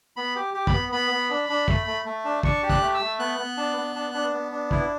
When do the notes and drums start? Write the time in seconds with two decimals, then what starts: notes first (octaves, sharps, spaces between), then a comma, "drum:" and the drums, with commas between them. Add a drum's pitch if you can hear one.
0.16 B3 B5
0.36 G4
0.54 G4
0.67 B5, drum: kick
0.73 B3
0.92 B3 B5
1.11 B3
1.30 D4
1.49 D4
1.68 A3, drum: kick
1.87 A3
2.06 A3
2.25 D4
2.43 D4 C#6, drum: kick
2.63 G4
2.70 F#6, drum: kick
2.82 A3
2.94 E6
3.01 A3
3.19 B3 F#6
3.39 B3
3.57 D4
3.77 B3
3.96 D4
4.14 D4
4.34 B3
4.52 D4
4.71 E4, drum: kick